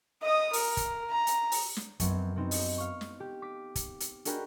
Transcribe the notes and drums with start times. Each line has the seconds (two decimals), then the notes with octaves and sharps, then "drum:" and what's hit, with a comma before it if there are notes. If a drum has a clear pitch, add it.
0.22 D#5 D#6
0.53 A#4, drum: open hi-hat
0.77 drum: kick, hi-hat
1.11 A#5
1.27 drum: hi-hat
1.52 drum: open hi-hat
1.76 drum: snare
2.00 F#2 F#3 B3 C4, drum: kick, hi-hat
2.36 B3 C4 D#4
2.51 drum: open hi-hat
2.78 F5 C#6
3.01 drum: snare
3.20 G4
3.42 D6 B6
3.75 drum: kick, hi-hat
4.00 drum: hi-hat
4.25 D4 F#4 G#4 A#4 G5 B5, drum: hi-hat